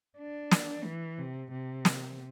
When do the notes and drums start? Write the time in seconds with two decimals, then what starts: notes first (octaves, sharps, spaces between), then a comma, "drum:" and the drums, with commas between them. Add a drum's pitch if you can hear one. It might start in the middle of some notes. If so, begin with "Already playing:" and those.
0.18 D4
0.51 drum: snare
0.84 E3
1.18 C3
1.51 C3
1.85 drum: snare